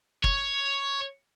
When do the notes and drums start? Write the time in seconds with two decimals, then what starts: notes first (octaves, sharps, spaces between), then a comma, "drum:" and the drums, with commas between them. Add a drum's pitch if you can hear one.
0.24 C#5, drum: kick